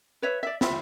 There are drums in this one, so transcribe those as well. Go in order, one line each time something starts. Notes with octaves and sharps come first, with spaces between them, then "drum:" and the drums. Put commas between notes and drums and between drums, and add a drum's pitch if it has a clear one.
B4 C#5 E5
D5 E5
E4 F4 E5, drum: snare